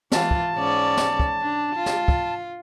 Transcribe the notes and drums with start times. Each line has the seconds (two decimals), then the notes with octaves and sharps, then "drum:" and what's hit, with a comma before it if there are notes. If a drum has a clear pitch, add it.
0.12 E3 F4 A5, drum: snare
0.31 drum: kick
0.55 G#2 C#4 D5
0.97 drum: snare
1.20 drum: kick
1.42 D4
1.75 F4
1.86 drum: snare
2.08 drum: kick